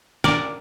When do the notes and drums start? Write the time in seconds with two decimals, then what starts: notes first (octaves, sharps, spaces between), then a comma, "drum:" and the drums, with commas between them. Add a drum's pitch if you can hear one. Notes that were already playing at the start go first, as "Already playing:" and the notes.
0.24 A#4 D5, drum: rim click